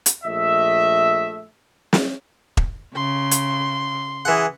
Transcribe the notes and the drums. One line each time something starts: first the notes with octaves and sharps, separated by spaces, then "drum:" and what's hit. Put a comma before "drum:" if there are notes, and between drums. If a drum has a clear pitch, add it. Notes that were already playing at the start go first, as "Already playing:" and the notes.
drum: hi-hat
A#1 A3 D#5 E5
drum: snare
drum: kick E1
C#3 C6
drum: hi-hat
E3 G#4 F#5